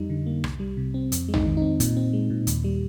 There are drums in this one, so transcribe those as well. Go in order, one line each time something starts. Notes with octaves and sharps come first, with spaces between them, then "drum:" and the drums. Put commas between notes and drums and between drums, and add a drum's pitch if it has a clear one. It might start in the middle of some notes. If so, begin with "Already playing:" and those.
Already playing: F2 G3 D#4
D3
A#3
C2, drum: rim click
G3
C3
C4
F2, drum: hi-hat
G#3
D#4, drum: tom
D#3
C4 D#4
A#2, drum: kick, hi-hat
C4
G#3
A#2
D#2, drum: hi-hat
G3